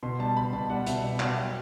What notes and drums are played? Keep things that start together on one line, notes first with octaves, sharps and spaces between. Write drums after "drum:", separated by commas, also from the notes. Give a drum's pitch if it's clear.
B2 C6
G3 A5
B2 B5
B2 A5
G3 F#5
B2 E5, drum: hi-hat
B2 E5
B2 F#5, drum: clap
F#3 G5